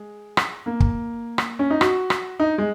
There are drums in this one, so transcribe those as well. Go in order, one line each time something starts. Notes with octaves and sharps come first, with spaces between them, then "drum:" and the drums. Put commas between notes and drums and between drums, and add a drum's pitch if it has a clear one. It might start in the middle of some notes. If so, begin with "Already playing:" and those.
Already playing: G#3
drum: rim click
A#3
drum: kick
drum: rim click
C#4
D#4
F#4, drum: rim click
drum: rim click
D#4
G#3